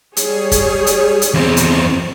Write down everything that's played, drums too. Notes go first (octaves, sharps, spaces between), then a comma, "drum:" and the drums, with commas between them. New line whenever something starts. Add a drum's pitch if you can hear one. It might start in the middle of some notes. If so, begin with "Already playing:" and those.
G3 G#4 C#5, drum: hi-hat
drum: kick, hi-hat
drum: hi-hat
drum: hi-hat
E2 C4
drum: hi-hat